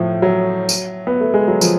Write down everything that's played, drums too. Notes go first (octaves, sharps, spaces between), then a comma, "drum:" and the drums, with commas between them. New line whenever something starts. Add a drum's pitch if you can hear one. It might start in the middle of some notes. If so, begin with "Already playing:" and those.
Already playing: A2 F3
F#3
drum: tambourine
B3
A3
G#3
F#3
F3, drum: tambourine